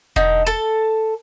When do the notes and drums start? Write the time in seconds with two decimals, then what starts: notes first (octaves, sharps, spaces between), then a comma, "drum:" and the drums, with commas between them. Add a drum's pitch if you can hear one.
0.16 D3 D#4, drum: kick E1
0.47 A4 A5